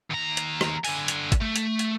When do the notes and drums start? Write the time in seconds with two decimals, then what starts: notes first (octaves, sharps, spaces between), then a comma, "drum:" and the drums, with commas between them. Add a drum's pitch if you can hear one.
0.10 D#2 A#5
0.37 drum: hi-hat
0.61 drum: rim click
0.85 D3 G#5, drum: open hi-hat
1.08 drum: hi-hat
1.32 drum: kick G#1, hi-hat
1.42 A3
1.56 drum: hi-hat
1.79 drum: hi-hat